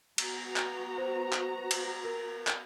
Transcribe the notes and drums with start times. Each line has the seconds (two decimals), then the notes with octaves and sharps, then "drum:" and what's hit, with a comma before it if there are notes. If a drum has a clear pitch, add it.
0.18 B3 F#4 A#5, drum: cymbal
0.56 drum: clap
0.98 C5
1.33 drum: clap
1.71 drum: cymbal
2.04 A#4
2.47 drum: clap